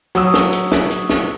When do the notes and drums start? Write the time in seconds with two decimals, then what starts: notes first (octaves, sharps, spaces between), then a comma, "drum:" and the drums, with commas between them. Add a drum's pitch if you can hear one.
0.15 F#3 D#6 E6, drum: hi-hat
0.34 drum: snare
0.53 drum: hi-hat
0.72 drum: snare
0.91 drum: hi-hat
1.10 drum: snare